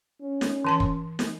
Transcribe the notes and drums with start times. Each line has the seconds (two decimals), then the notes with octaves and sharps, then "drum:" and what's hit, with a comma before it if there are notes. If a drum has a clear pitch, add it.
0.22 C#4
0.41 drum: snare
0.65 E3 A5 C6
0.80 drum: kick
1.19 drum: snare